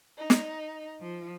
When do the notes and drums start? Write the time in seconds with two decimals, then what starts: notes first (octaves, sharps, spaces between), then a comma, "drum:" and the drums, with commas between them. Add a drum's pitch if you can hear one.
0.17 D#4
0.30 drum: snare
1.00 F3